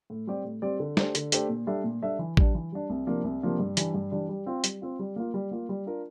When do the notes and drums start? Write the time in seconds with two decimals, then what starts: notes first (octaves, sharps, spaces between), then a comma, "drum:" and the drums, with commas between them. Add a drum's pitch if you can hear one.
0.10 A2
0.27 G3 C4 G4 D5
0.44 A2
0.62 G3 C4 G4 D5
0.80 D3
0.97 A3 D4 G4 C5, drum: snare
1.15 D3, drum: hi-hat
1.32 A3 D4 G4 C5, drum: hi-hat
1.49 A#2
1.67 G3 D4 A4 E5
1.84 A#2
2.02 G3 D4 A4 E5
2.19 E3
2.37 G3 D4, drum: kick A1
2.55 E3
2.72 G3 D4
2.90 C2
3.07 C3 F3 A#3 D4
3.24 C2
3.42 C3 F3 A#3 D4
3.59 G2
3.77 E3 G3 D4, drum: hi-hat
3.94 G2
4.11 E3 G3 D4
4.29 G3
4.46 C4 F4
4.64 G3, drum: hi-hat
4.82 C4 F4
4.99 G3
5.16 A#3 F4
5.34 G3
5.51 A#3 F4
5.69 G3
5.86 D4 F4 A#4